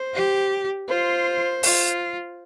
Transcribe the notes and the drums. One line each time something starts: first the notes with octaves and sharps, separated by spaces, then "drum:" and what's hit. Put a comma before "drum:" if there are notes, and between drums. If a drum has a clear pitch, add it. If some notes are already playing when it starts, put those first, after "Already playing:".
Already playing: C5
G4
F4 C5
F4, drum: open hi-hat